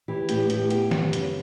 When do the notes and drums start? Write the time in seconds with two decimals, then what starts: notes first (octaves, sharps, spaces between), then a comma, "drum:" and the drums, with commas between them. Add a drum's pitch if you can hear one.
0.08 E3 G4
0.29 A2 G4, drum: hi-hat
0.50 A2 G4, drum: hi-hat
0.70 B3 G4, drum: hi-hat
0.91 F#2, drum: snare
1.13 C#3, drum: hi-hat